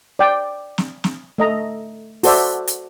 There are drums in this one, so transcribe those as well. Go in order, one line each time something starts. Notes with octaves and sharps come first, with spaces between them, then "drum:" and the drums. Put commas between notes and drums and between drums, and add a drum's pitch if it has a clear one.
D5 G5
drum: snare
drum: snare
A3 D#5 A#5
F#4 A4 C5 D5 E5, drum: open hi-hat
drum: hi-hat